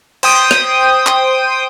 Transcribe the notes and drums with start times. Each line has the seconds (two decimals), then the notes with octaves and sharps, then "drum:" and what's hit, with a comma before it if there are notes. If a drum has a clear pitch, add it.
0.23 C5 G5 D#6, drum: cymbal
0.51 drum: rim click
1.07 drum: clap